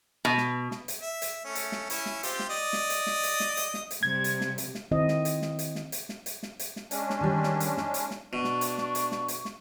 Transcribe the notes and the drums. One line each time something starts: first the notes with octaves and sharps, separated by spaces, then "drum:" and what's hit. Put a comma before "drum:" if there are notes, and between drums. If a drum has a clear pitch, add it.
B2
drum: snare
drum: snare
drum: hi-hat
E5
drum: hi-hat
A3 C#4
drum: hi-hat
drum: snare
C#4 E4 E5, drum: hi-hat
drum: snare
C4 F4 G4, drum: hi-hat
drum: snare
D5 D#5
drum: snare
drum: hi-hat
drum: snare
drum: hi-hat
drum: snare
drum: hi-hat
drum: snare
drum: hi-hat
C3 G3 G#6
drum: hi-hat
drum: snare
drum: hi-hat
drum: snare
D#3 C4 E4 A4 D#5
drum: snare
drum: hi-hat
drum: snare
drum: hi-hat
drum: snare
drum: hi-hat
drum: snare
drum: hi-hat
drum: snare
drum: hi-hat
drum: snare
G#3 C#4 D4, drum: hi-hat
drum: snare
D#3 G3
drum: snare
drum: hi-hat
D#4, drum: snare
drum: hi-hat
drum: snare
B2 D4 C#6
drum: snare
drum: hi-hat
drum: snare
drum: hi-hat
drum: snare
drum: hi-hat
drum: snare